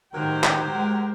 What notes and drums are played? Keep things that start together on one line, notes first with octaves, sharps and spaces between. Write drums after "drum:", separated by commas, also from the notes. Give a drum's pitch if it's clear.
A2 D#3 F#3 G4 A#4 C5 G5
drum: clap
G#3